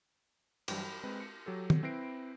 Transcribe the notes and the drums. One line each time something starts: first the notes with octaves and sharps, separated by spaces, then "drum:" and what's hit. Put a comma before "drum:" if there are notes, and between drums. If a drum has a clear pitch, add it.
G2 E3 F#3 G3, drum: cymbal
B5
G#3 C4 B4
C#7
F#3 G4 A4
drum: tom
C4 E4 B4 A#6 C7 D7